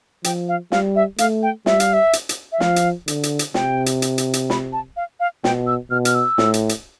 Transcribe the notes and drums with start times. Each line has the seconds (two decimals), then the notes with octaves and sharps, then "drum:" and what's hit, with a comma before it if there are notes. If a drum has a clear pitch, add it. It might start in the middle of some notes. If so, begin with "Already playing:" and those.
0.24 F3 G5, drum: hi-hat
0.48 F5
0.72 G3 F5, drum: snare
0.96 E5
1.18 A3 F5, drum: hi-hat
1.43 G5
1.66 G3 E5, drum: snare
1.80 F5, drum: hi-hat
1.93 E5
2.13 drum: hi-hat
2.29 drum: hi-hat
2.52 E5
2.60 F3 F5, drum: snare
2.76 drum: hi-hat
3.08 D3, drum: hi-hat
3.23 drum: hi-hat
3.39 drum: hi-hat
3.54 C3 G5, drum: snare
3.86 drum: hi-hat
4.02 drum: hi-hat
4.18 drum: hi-hat
4.33 drum: hi-hat
4.50 B5, drum: snare
4.73 A5
4.96 F5
5.20 F5
5.44 B2 G5, drum: snare
5.67 E6
5.90 B2 F6
6.05 F6, drum: hi-hat
6.15 E6
6.38 A2, drum: snare
6.54 drum: hi-hat
6.69 drum: hi-hat